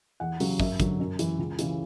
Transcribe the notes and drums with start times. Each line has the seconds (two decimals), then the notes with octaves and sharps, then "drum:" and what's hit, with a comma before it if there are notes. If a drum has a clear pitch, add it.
0.20 E2 F#5
0.40 C#3 F#3, drum: open hi-hat
0.60 F#2 E5, drum: kick
0.80 D3 F#3, drum: kick, hi-hat
1.00 F#2
1.19 E3, drum: hi-hat
1.39 C#2
1.59 C#3 E3, drum: hi-hat